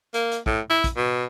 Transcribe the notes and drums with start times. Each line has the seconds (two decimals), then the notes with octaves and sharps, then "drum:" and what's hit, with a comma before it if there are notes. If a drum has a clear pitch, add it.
0.14 A#3, drum: hi-hat
0.32 drum: hi-hat
0.46 A2, drum: kick
0.70 E4
0.84 drum: kick, hi-hat
0.97 B2